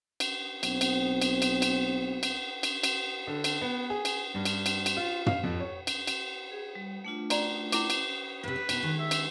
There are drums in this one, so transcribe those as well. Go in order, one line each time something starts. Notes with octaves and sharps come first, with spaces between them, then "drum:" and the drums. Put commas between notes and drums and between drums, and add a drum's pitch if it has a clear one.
drum: cymbal
B1 C4, drum: cymbal
drum: cymbal
drum: cymbal
drum: cymbal
drum: cymbal
drum: cymbal
drum: cymbal
drum: cymbal
D3
drum: cymbal
B3
G#4
drum: cymbal
G2
drum: cymbal
drum: cymbal
drum: cymbal
F4
F5, drum: tom
F2
C#5
drum: cymbal
drum: cymbal
G#4
G3
A3 D4 F4
D5 A#5 C6, drum: cymbal
E4 D6, drum: cymbal
drum: cymbal
G#2 C3 B4
G4
B2 D#4, drum: cymbal
D#3 G#3 G#4
E5
drum: cymbal